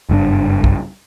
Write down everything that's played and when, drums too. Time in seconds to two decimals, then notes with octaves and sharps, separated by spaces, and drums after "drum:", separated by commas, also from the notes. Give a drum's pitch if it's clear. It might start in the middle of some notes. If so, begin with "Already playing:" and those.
0.09 F#1 G2 A#2 D4
0.64 drum: kick